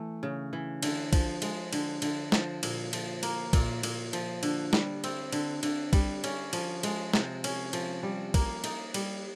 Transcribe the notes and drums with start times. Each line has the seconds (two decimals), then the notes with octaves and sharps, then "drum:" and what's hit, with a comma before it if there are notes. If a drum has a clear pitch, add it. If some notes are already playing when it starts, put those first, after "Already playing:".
Already playing: E3 A3
0.23 C#3
0.53 E3
0.83 D3, drum: cymbal
1.13 F3, drum: kick, cymbal
1.42 G#3, drum: cymbal
1.73 D3, drum: cymbal
2.02 D3, drum: cymbal
2.32 F3, drum: snare
2.63 A#2, drum: cymbal
2.93 F3, drum: cymbal
3.23 A#3, drum: cymbal
3.53 A#2, drum: kick, cymbal
3.83 A#2, drum: cymbal
4.13 F3, drum: cymbal
4.43 D3, drum: cymbal
4.73 G3, drum: snare
5.04 C4, drum: cymbal
5.32 D3, drum: cymbal
5.63 D3, drum: cymbal
5.93 G3, drum: kick, cymbal
6.24 C#4, drum: cymbal
6.53 F3, drum: cymbal
6.83 G#3, drum: cymbal
7.14 C3, drum: snare
7.44 C#4, drum: cymbal
7.73 F3, drum: cymbal
8.03 G3
8.34 A#3, drum: kick, cymbal
8.64 D#4, drum: cymbal
8.94 G3, drum: cymbal